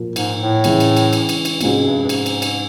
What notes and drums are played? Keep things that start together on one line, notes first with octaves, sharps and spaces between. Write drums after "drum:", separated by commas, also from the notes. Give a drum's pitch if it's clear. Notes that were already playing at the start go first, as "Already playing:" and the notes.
Already playing: A#2 F3 A#3
G#2, drum: cymbal
A2
C#3 E3 G#3, drum: cymbal
drum: cymbal
drum: cymbal
drum: cymbal
drum: cymbal
drum: cymbal
G#2 C3 F3 G#3 C#4 F#4, drum: cymbal
G2
G2
G#2, drum: cymbal
drum: cymbal
drum: cymbal